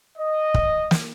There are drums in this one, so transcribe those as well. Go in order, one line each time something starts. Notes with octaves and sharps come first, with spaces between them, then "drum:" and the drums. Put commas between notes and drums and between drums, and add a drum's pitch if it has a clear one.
D#5
drum: kick
drum: snare